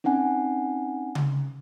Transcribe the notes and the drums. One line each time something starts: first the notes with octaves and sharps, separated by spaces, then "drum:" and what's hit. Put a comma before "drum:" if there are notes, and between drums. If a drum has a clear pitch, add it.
C4 C#4 D#4 F#5 G#5
drum: tom C#3